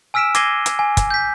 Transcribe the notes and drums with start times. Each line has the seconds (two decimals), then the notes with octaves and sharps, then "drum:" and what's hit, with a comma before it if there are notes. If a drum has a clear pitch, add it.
0.14 G#5 E6 F6 B6 D7 E7
0.35 D6 G#6 A#6 C7 D#7 G7, drum: hi-hat
0.66 drum: hi-hat
0.79 G#5
0.97 drum: kick, hi-hat
1.11 G6 B6